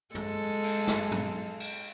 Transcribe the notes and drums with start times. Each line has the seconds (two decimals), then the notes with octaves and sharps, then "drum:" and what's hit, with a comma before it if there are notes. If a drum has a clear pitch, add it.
0.15 G#3 A4, drum: tom
0.63 drum: cymbal
0.87 drum: snare
1.12 drum: tom
1.60 drum: cymbal